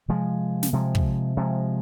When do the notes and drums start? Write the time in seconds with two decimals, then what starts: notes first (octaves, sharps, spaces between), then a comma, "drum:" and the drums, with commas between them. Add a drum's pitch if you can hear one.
0.08 C3 F3 G#3
0.63 drum: snare
0.73 C3 F3 G#3
0.95 drum: kick
1.37 C3 F3 G#3